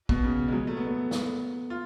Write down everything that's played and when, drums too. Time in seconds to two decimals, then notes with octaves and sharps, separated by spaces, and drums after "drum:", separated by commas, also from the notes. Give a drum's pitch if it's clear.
0.09 B2, drum: kick
0.23 C#3
0.48 G#3
0.52 F#3
0.67 A3
0.77 B3
0.87 A3
1.11 B3, drum: snare
1.70 F4